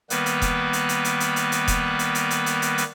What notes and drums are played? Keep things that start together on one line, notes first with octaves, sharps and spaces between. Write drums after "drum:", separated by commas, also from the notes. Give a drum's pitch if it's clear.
D#3 G3 A#3 B3 B4, drum: hi-hat
drum: hi-hat
drum: kick E1, hi-hat
drum: hi-hat
drum: hi-hat
drum: hi-hat
drum: hi-hat
drum: hi-hat
drum: hi-hat
drum: kick E1, hi-hat
drum: hi-hat
drum: hi-hat
drum: hi-hat
drum: hi-hat
drum: hi-hat
drum: hi-hat